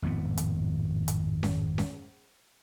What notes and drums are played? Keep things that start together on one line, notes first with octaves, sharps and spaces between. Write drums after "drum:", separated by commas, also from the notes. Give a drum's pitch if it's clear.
G#1 F2 A2 B3
drum: hi-hat
drum: hi-hat
drum: snare C#4
drum: snare C#4